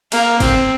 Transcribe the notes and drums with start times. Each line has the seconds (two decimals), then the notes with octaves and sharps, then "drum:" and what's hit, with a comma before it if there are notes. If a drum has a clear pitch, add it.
0.12 A#3, drum: cymbal
0.40 C4, drum: kick, cymbal